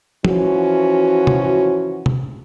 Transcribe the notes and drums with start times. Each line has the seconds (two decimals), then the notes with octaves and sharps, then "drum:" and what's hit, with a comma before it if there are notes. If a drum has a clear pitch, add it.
0.25 E3 F3 C#4 F#4, drum: tom F3
1.27 drum: tom
2.06 drum: tom